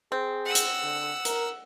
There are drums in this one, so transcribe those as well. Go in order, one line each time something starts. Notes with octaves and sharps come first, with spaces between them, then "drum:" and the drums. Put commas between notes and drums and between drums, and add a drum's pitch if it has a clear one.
C4 G#4
F#5 E6
drum: hi-hat
D3
A#4, drum: hi-hat